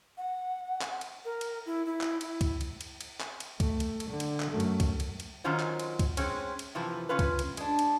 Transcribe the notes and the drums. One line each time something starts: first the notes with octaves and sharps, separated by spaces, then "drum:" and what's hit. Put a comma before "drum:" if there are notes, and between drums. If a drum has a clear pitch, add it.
F#5
drum: clap
drum: cymbal
A#4
drum: cymbal
E4
E4
drum: clap
E4, drum: cymbal
drum: kick C#2, cymbal
drum: cymbal
drum: cymbal
drum: cymbal
drum: clap
drum: cymbal
A3, drum: kick C#2, cymbal
drum: cymbal
drum: cymbal
D3
drum: cymbal
drum: clap
F#2 A3
drum: cymbal
drum: kick C#2, cymbal
drum: cymbal
drum: cymbal
D#3 F#3 C#4 D#4 F4 C5
drum: clap
drum: cymbal
drum: kick C#2, cymbal
G#3 C4 C#4, drum: cymbal
drum: cymbal
F#2 C3 E3 F3
C#3 C#4 F4 B4
drum: kick C#2, cymbal
drum: cymbal
G#3 D4, drum: cymbal
drum: cymbal